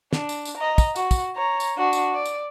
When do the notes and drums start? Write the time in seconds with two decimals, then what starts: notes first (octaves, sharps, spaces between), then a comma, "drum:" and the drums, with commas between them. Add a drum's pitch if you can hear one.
0.13 D4, drum: snare
0.29 drum: tambourine
0.45 drum: tambourine
0.57 D#5 A#5
0.78 drum: kick, tambourine
0.96 F#4, drum: tambourine
1.11 drum: kick, tambourine
1.35 C#5 A#5
1.60 drum: tambourine
1.77 D4 F#4
1.93 drum: tambourine
2.14 D5
2.25 drum: tambourine